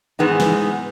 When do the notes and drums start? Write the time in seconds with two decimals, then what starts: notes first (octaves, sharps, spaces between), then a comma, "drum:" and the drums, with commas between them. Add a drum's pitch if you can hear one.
0.19 G#2 E3 G#3 B3 D#4
0.40 drum: snare